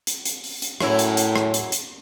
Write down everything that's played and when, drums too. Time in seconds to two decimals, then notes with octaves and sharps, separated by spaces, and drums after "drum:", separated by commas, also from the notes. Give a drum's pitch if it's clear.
0.07 drum: hi-hat
0.25 drum: hi-hat
0.44 drum: open hi-hat
0.62 drum: hi-hat
0.81 F#2 A2 F#3 E4, drum: rim click
0.99 drum: hi-hat
1.17 drum: hi-hat
1.36 drum: rim click
1.54 drum: hi-hat
1.72 drum: hi-hat